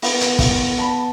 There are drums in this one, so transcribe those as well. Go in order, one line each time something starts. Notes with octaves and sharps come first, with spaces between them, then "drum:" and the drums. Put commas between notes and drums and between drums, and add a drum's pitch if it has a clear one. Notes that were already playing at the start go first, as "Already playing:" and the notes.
B3, drum: open hi-hat
drum: hi-hat
drum: kick, open hi-hat
A5 B5